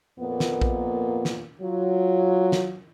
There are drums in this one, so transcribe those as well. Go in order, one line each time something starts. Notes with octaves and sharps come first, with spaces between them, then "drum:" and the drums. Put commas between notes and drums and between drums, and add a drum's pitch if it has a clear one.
F2 A#2 A#3 B3
drum: snare
drum: kick A#1
drum: snare
F#3 F4
drum: snare